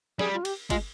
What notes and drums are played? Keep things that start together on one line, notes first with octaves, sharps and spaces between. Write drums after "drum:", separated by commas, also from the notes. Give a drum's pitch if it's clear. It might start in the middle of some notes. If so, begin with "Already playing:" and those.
G3 G#4, drum: snare
F4
G4, drum: cymbal
G#3 F4, drum: kick G1, cymbal